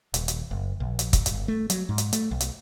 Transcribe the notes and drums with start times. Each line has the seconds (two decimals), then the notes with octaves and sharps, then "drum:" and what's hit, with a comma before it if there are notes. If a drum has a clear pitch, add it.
0.14 D#1, drum: hi-hat
0.28 drum: hi-hat
0.51 F#1
0.80 A#1
0.99 drum: hi-hat
1.13 drum: kick, hi-hat
1.26 G1, drum: hi-hat
1.48 A3
1.70 F#3, drum: hi-hat
1.89 G#2
1.98 drum: hi-hat
2.13 A3, drum: hi-hat
2.31 B1
2.40 drum: hi-hat